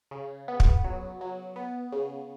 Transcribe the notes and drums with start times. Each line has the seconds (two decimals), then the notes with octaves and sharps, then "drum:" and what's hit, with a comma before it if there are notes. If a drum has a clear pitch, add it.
0.11 C#3
0.48 B3
0.60 drum: kick
0.84 F#3
1.21 F#3
1.56 B3
1.92 C#3